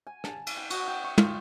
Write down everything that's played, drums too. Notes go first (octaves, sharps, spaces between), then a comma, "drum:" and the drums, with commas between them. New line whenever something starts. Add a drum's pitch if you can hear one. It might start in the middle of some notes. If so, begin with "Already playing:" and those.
G#5
A5, drum: rim click
drum: cymbal
G5
F#4, drum: cymbal
G5
C#6
F4, drum: tom